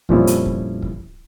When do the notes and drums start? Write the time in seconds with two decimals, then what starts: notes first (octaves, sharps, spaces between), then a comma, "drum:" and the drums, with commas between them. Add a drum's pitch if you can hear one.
0.09 F2 A#2 F3 G3 C#4 E4, drum: kick
0.27 drum: hi-hat
0.46 drum: kick
0.82 drum: kick